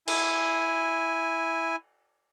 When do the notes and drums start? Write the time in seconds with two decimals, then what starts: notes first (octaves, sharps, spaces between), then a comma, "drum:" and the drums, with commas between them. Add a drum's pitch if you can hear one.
0.08 E4 G#5, drum: cymbal